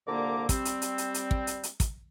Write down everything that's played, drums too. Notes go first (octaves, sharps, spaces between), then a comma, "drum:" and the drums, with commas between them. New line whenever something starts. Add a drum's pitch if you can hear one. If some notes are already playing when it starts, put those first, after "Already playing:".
C2 A#2 D3 A#3 A#5 D6
G3 C4, drum: kick, hi-hat
drum: hi-hat
drum: hi-hat
drum: hi-hat
drum: hi-hat
drum: kick
drum: hi-hat
drum: hi-hat
drum: kick, hi-hat